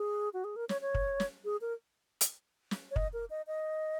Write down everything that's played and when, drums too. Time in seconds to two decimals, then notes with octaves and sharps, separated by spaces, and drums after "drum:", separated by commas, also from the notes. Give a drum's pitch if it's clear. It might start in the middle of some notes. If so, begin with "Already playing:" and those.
Already playing: G#4
0.33 F#4
0.44 G#4
0.56 A#4
0.69 C#5, drum: snare
0.81 C#5
0.94 drum: kick
1.20 drum: snare
1.45 G#4
1.61 A#4
2.21 drum: hi-hat
2.71 drum: snare
2.91 C#5
2.96 D#5, drum: kick
3.13 A#4
3.30 D#5
3.47 D#5